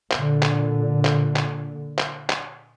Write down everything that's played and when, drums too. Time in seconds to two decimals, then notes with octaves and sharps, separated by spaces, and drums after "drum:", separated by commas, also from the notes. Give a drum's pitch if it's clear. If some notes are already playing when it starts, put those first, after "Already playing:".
0.11 A#2 D3, drum: clap
0.43 drum: clap
1.05 drum: clap
1.36 drum: clap
1.99 drum: clap
2.30 drum: clap